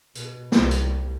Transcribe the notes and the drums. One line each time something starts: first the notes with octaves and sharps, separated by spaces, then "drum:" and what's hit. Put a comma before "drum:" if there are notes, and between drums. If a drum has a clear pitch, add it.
B2, drum: hi-hat
C2, drum: snare
drum: hi-hat